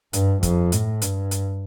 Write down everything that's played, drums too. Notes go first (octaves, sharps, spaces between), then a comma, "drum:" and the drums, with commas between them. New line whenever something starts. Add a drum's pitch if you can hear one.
G2, drum: hi-hat
F2, drum: kick, hi-hat
A2, drum: hi-hat
G2, drum: hi-hat
drum: hi-hat